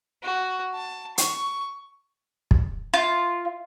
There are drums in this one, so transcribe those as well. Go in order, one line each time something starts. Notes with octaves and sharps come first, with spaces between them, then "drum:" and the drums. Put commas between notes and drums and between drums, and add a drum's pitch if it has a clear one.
F#4
A5
C#6, drum: hi-hat
drum: kick
F4